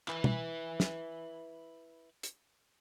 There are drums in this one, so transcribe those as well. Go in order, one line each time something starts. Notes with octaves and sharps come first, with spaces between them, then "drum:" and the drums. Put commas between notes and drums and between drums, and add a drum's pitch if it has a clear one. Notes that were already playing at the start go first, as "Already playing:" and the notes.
E4 B4, drum: clap
drum: tom B2
drum: snare
drum: hi-hat